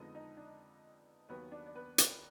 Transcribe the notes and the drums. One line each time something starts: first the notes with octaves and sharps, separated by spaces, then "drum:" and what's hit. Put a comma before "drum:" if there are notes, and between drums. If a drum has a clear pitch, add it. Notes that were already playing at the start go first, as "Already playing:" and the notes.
Already playing: F2 D3 F3 G#3 B3 D#4 D#5
D#4 D#5
D4 D5
D#2 D#3 F#3 B3 B4
D4 D5
D5
B3 B4
A#4, drum: hi-hat